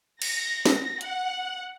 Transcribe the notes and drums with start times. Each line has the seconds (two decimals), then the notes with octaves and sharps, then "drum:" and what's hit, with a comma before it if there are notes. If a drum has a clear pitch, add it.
0.22 A#6, drum: cymbal
0.66 drum: snare
1.01 F#5, drum: hi-hat